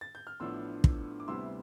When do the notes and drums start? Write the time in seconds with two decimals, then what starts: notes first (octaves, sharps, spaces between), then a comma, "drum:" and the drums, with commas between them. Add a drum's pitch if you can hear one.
0.01 A6
0.15 G6
0.27 F6
0.40 A1 A2 F3 B3 D4 C6 E6
0.84 drum: kick
1.20 D6
1.28 D2 C3 G3 B3 E4 C6 E6